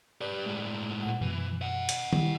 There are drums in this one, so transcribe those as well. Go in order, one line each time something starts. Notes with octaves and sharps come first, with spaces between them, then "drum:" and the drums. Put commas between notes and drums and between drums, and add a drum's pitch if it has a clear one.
G4 B4 D5
A2 G#3
A#2 F#5
F#2 B2 E3
D#5 F#5
drum: hi-hat
G3 E4, drum: tom D#3